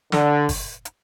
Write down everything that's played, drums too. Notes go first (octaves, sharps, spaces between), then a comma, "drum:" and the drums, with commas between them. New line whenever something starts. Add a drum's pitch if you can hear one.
D3, drum: snare
drum: kick, open hi-hat
drum: hi-hat